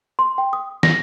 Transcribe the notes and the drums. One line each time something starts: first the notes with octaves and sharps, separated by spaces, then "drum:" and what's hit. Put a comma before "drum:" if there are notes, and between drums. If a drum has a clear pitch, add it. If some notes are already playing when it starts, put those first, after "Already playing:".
C6
G5
D#6
A#6, drum: snare